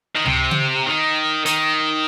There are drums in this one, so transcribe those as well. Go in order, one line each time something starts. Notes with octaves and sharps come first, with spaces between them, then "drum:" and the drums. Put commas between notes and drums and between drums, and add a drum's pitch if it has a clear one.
D#3
C3, drum: tom C#2
drum: tom C#3
D#3
D#3, drum: hi-hat